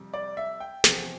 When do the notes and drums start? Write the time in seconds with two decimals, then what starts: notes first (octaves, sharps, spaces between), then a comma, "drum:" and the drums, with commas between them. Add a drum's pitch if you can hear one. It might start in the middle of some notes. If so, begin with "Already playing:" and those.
Already playing: F2 C3 G3
0.14 D5
0.37 E5
0.60 G5
0.84 E2 C3 F3, drum: snare